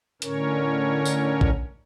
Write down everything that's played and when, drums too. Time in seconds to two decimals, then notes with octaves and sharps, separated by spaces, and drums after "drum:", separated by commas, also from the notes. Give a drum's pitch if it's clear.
0.22 A2 D3 C#4 A#4 C#5, drum: hi-hat
1.05 drum: tambourine
1.41 drum: kick